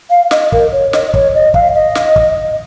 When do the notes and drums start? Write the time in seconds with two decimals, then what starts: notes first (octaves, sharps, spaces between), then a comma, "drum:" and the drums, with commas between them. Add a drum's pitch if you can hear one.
0.10 F5
0.31 D#5, drum: snare
0.52 A#4, drum: kick
0.72 C#5
0.93 D#5, drum: snare
1.14 C#5, drum: kick
1.34 D#5
1.54 F5, drum: kick
1.75 D#5
1.95 drum: snare
2.16 drum: kick